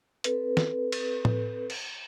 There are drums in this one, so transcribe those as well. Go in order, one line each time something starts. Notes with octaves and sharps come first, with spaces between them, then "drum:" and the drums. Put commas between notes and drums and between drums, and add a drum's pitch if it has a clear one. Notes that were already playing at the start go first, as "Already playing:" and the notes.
C4 A4 B4, drum: hi-hat
drum: snare
drum: cymbal
drum: tom A2
drum: cymbal